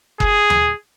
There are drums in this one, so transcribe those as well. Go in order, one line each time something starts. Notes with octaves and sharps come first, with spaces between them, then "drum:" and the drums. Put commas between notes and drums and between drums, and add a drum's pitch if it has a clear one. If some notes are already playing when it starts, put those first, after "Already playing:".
G#4, drum: kick F#1
drum: tom D#2